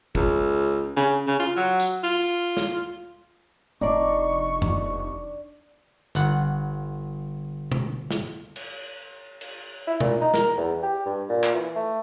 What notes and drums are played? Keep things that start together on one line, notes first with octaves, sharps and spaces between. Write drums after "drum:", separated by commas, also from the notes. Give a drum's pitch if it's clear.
C#2, drum: kick G1
C#3
C#3
F4
F#3
drum: tambourine
F4
drum: snare
F1 D4 D#4 D5 C#6
drum: tom F2
G1 F#5, drum: hi-hat
drum: tom B2
drum: snare
drum: cymbal
drum: cymbal
E4
A#2, drum: tom B2
D#4
A#4, drum: snare
E2
G4
G2
A#2
drum: clap
E3
A3